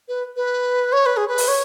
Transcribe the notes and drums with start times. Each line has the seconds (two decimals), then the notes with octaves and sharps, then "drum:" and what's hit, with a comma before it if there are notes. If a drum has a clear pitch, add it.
0.08 B4
0.36 B4
0.92 C#5
1.06 B4
1.17 G#4
1.28 B4
1.38 drum: open hi-hat
1.48 C#5